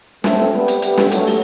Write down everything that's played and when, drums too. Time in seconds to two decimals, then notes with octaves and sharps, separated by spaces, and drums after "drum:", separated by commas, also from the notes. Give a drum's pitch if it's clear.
0.24 A3 C4, drum: snare
0.54 G3 B3
0.68 drum: hi-hat
0.82 G3 B3, drum: hi-hat
0.97 drum: snare
1.12 F#3 A3, drum: hi-hat
1.27 drum: open hi-hat